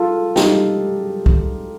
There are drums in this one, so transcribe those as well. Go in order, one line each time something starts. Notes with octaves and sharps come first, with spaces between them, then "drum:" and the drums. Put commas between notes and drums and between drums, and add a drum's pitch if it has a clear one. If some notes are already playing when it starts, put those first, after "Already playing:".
Already playing: F4 A4
D#4 G4, drum: snare
drum: kick